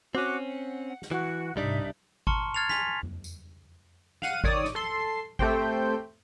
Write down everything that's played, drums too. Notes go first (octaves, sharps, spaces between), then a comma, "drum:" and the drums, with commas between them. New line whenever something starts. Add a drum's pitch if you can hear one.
C4 C#4 F#4 D6
F#5
drum: snare
E3 F#4
C2 G#2 C3 G3 D4 D#4 E5
A5 A#5 C6 C#6 F6 C#7, drum: kick G#1
F6 G#6 A6 C7 C#7 F7
G#5 C6 B6 F7, drum: snare
drum: tom F2
drum: tambourine
F5 F#5 D#7, drum: snare
D#3 C#5 D5 D#6, drum: kick G#1
drum: snare
A4 C6
A3 C4 G4 C5 G5, drum: kick G#1